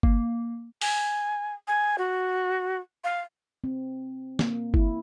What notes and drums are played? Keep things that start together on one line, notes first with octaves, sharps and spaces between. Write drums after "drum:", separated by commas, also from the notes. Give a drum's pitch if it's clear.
A#3, drum: kick G1
G#5, drum: open hi-hat
G#5
F#4
F5
C4
A#3, drum: snare
E4, drum: kick G1